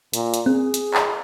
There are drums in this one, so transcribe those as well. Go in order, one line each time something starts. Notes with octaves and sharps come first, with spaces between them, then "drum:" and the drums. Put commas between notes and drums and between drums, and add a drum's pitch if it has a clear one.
A#2, drum: hi-hat
drum: hi-hat
C4 G#4
drum: hi-hat
drum: clap